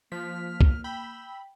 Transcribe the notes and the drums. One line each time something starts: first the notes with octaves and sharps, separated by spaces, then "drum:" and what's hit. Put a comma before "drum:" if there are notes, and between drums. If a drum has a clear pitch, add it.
F3 A#3 F6 B6
drum: kick
G5 B5 E6